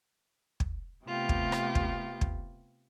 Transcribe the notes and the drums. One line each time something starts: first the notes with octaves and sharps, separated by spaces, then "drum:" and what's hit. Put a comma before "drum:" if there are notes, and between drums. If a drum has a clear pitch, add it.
drum: kick
C3 A3 B3 F4 G4
drum: kick
drum: rim click
drum: kick
drum: kick